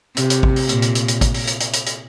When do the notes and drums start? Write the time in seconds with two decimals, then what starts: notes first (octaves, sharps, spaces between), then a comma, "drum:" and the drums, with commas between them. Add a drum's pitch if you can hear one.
0.17 C3, drum: hi-hat
0.30 drum: hi-hat
0.43 drum: kick A1
0.56 drum: open hi-hat
0.69 A#2, drum: hi-hat
0.82 drum: hi-hat
0.95 drum: hi-hat
1.08 drum: hi-hat
1.21 drum: kick A1, hi-hat
1.34 drum: open hi-hat
1.47 drum: hi-hat
1.60 drum: hi-hat
1.73 drum: hi-hat
1.86 drum: hi-hat